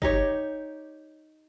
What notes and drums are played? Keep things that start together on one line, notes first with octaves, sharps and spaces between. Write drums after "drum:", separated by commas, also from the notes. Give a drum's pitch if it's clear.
D#4 G4 C#5, drum: kick